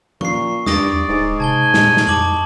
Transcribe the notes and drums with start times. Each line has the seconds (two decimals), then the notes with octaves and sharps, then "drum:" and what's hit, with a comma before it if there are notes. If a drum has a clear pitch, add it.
0.21 A#2 C#6 C7, drum: tom F3
0.66 E2 G2 D5 D#6 A#6 D7, drum: snare
1.09 D1 G#2
1.40 C3 G#5 A5 G#6 G7
1.74 A#2, drum: snare
1.97 drum: snare
2.07 F2 A5 D6 F#7